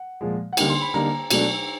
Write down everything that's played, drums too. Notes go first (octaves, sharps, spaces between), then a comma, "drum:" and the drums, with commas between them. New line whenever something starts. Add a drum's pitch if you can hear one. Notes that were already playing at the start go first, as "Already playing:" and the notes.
Already playing: F#5
A#2 F3 G#3
F#5
D3 G3 A#3 D#4 G5, drum: cymbal
C6
B5
D3 G3 A#3 D#4 A#5
B2 F#3 A3 D4, drum: cymbal